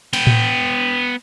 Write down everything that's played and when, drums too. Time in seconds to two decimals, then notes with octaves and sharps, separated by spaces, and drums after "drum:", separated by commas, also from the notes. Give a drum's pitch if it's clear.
0.13 B3 G5, drum: cymbal
0.27 drum: tom A2